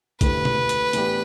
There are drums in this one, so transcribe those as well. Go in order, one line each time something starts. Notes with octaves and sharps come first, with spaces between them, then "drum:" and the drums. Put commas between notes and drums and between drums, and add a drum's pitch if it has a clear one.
D2 D3 A3 E4 G4 B4, drum: kick, hi-hat
drum: tom B2
drum: hi-hat
A2 E3 B3 D4 G4, drum: hi-hat